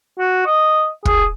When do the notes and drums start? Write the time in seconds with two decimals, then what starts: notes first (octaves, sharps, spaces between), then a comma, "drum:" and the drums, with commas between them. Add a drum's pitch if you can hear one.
0.18 F#4
0.46 D#5
1.05 G#4, drum: kick